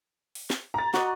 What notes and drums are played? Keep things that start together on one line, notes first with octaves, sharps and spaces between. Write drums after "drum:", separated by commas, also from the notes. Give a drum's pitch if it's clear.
drum: open hi-hat
drum: snare
A#5 A6
F#4 D5 D#5, drum: snare